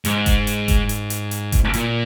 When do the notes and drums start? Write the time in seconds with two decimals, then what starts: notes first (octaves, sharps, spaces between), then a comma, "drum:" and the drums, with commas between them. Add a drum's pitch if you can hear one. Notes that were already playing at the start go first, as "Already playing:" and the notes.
0.05 G#2, drum: hi-hat
0.26 drum: kick F#1, hi-hat
0.47 drum: hi-hat
0.68 drum: kick F#1, hi-hat
0.89 drum: hi-hat
1.10 drum: hi-hat
1.31 drum: hi-hat
1.52 drum: kick F#1, hi-hat
1.74 A#2, drum: hi-hat